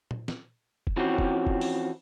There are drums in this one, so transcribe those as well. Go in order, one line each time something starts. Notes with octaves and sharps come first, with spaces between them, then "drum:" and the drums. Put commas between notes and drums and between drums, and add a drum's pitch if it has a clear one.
drum: tom A#2
drum: snare
drum: kick F1
E3 F3 C4 C#4 F#4 G4
drum: kick F1
drum: kick F1
drum: open hi-hat